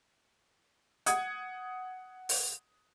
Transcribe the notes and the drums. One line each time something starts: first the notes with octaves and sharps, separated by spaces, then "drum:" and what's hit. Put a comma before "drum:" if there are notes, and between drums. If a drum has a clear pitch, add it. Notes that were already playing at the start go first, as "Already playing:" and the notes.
F#5 D#6 G#6, drum: hi-hat
drum: open hi-hat